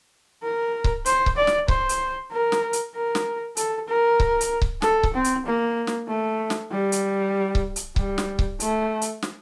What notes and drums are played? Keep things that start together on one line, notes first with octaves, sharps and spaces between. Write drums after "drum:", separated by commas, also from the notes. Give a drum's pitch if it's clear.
A#4
drum: kick C#1
C5, drum: hi-hat
drum: kick C#1
D5
drum: snare
C5, drum: kick C#1
drum: hi-hat
A#4
drum: snare
drum: hi-hat
A#4
drum: snare
A4, drum: hi-hat
A#4
drum: kick C#1
drum: hi-hat
drum: kick C#1
A4, drum: snare
drum: kick C#1
C4
drum: hi-hat
A#3
drum: snare
A3
drum: snare
G3
drum: hi-hat
drum: kick C#1
drum: hi-hat
G3, drum: kick C#1
drum: snare
drum: kick C#1
A3, drum: hi-hat
drum: hi-hat
drum: snare